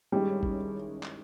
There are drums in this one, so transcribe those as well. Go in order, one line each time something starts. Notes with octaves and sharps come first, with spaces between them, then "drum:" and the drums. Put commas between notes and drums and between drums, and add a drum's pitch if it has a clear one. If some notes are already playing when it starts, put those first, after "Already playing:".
G2 D#3 G3 G#3 C#4 E4
drum: kick
drum: clap